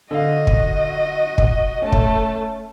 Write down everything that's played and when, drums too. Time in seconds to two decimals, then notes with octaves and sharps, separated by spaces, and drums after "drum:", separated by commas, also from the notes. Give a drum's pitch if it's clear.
0.11 D3 F#4 D#5 F5
0.47 drum: kick
1.38 drum: kick
1.82 A3 C#4 A5
1.92 drum: kick